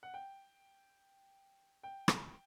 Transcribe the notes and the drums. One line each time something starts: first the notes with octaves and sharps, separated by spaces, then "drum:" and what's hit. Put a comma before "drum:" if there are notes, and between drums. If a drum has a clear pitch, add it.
F#5
G5
G5
drum: rim click